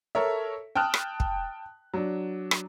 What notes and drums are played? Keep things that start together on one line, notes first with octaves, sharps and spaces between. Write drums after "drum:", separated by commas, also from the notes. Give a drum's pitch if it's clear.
A4 A#4 C#5 E5
G5 A5 D#6 F6 F#6
drum: rim click
drum: kick
F#3 D4
drum: rim click